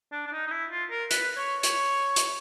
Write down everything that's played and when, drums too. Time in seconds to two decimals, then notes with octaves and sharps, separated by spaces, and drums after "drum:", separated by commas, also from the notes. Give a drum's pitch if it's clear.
0.12 D4
0.27 D4
0.32 D#4
0.47 D#4
0.51 E4
0.71 F4
0.91 A#4
1.11 B4, drum: hi-hat
1.37 C#5
1.63 C#5, drum: hi-hat
2.16 drum: hi-hat